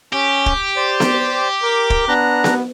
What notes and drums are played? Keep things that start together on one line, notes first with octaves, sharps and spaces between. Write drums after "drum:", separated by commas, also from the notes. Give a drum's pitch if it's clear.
C#4 G4
drum: kick
C5 D5
drum: snare B3
A#4 D6
drum: kick
B3 D4 A#5 F#6
drum: snare B3